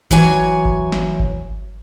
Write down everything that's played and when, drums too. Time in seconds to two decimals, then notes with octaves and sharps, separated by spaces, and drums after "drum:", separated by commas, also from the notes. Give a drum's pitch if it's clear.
0.11 E3 F#3 C#5 G#5, drum: kick G1
0.65 drum: kick G1
0.92 drum: snare
1.20 drum: kick G1